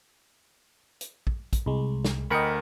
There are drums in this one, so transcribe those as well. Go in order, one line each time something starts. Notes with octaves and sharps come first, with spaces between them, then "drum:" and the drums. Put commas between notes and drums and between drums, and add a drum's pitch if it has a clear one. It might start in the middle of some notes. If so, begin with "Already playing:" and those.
drum: hi-hat
drum: kick
drum: kick, hi-hat
C2 G#3
drum: snare
D2 A#4 D#5 G5 B5 C#7